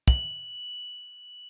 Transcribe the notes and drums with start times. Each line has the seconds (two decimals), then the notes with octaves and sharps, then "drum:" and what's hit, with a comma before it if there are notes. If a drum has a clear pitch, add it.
0.08 F#7, drum: kick